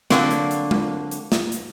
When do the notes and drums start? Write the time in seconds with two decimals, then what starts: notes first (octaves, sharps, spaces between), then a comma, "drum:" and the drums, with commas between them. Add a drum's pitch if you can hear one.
0.10 D3 F#3 A#3 C4, drum: snare
0.31 drum: hi-hat
0.51 drum: hi-hat
0.71 drum: tom G#3
1.11 drum: hi-hat
1.32 drum: snare
1.52 drum: hi-hat